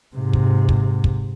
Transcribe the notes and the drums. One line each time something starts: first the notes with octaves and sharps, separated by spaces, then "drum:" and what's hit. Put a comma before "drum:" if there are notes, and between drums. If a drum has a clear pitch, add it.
G#2 C3
drum: kick
drum: kick
drum: kick